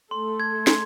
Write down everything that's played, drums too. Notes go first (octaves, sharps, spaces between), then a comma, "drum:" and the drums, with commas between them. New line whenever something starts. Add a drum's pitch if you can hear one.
A3 A4 C6
G#6
C6, drum: snare